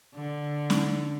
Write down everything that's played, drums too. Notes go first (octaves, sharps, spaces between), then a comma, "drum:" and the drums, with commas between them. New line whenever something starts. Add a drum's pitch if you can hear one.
D3
drum: snare C#4